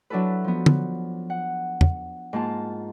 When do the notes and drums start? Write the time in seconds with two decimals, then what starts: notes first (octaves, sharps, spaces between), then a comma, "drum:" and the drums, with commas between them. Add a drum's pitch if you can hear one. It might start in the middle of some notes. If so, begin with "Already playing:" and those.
0.10 F#3 D4 E4 A4 B4
0.44 F3 B3
0.66 drum: tom
1.30 F#5
1.81 drum: tom E2
2.33 G#2 A#3 F4 A5